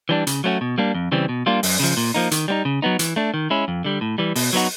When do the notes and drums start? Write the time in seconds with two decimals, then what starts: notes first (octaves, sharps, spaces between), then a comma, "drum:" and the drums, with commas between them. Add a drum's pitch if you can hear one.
0.09 E3 G3 B3 D4
0.27 C#3, drum: hi-hat
0.44 F#3 A3 C#4 F#4
0.61 B2
0.78 G3 A#3 D4
0.95 F2
1.12 C#3 E3 G3 C4
1.29 B2
1.46 G3 A#3 D4 F4
1.63 F#2, drum: open hi-hat
1.79 C#3 F3
1.97 A#2
2.14 F3 A#3 D#4
2.31 D#3, drum: hi-hat
2.48 G3 B3 D#4
2.65 C#3
2.82 F#3 B3 D#4
2.99 E3, drum: hi-hat
3.16 A3 D4
3.34 D#3
3.50 G#3 C#4 E4
3.68 F2
3.85 D3 G3
4.01 A2
4.18 E3 G3
4.36 B2, drum: open hi-hat
4.53 F#3 B3 D#4 F#4